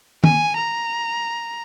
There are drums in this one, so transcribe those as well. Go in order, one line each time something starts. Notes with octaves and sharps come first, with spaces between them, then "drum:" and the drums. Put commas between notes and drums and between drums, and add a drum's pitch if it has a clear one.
G#5, drum: tom
A#5